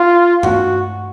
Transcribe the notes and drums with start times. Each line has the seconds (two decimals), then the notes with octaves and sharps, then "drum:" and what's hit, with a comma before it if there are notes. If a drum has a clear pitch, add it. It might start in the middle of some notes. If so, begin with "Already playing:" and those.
Already playing: F4
0.43 F#4, drum: tom G2